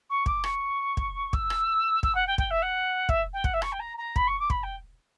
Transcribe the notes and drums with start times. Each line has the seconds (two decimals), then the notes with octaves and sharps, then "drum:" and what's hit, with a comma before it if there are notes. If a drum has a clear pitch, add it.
0.09 C#6
0.26 D6, drum: kick
0.44 C#6, drum: rim click
0.97 drum: kick
1.33 E6, drum: kick
1.50 drum: rim click
2.03 E6, drum: kick
2.14 F#5
2.27 G5
2.38 G5, drum: kick
2.50 E5
2.62 F#5
3.09 E5, drum: kick
3.33 G5
3.44 F#5, drum: kick
3.53 E5
3.62 C#6, drum: rim click
3.72 G5
3.79 A#5
3.97 A#5
4.16 B5, drum: kick
4.27 C#6
4.39 D6
4.50 B5, drum: kick
4.63 G5